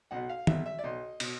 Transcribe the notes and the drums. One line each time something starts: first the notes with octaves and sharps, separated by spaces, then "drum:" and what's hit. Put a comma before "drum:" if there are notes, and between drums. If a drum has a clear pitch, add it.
B1 B2 F#5
F5
B1 B2 E5, drum: tom D#3
E5
D5
B1 B2 D#5
B2, drum: cymbal